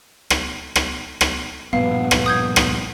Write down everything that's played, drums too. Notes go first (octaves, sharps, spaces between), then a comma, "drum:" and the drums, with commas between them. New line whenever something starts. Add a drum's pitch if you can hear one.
drum: rim click
drum: rim click
drum: rim click
A#1 G2 B2 B3 F5
drum: rim click
D#6 G6 G#6
drum: rim click